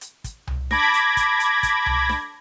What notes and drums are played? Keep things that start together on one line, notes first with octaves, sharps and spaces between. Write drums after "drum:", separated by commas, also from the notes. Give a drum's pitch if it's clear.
drum: hi-hat
drum: kick, hi-hat
drum: tom C2
A5 B5 D6 G#6 A#6, drum: snare D4
drum: hi-hat
drum: kick, hi-hat
drum: hi-hat
drum: kick, hi-hat
drum: tom C2
drum: snare D4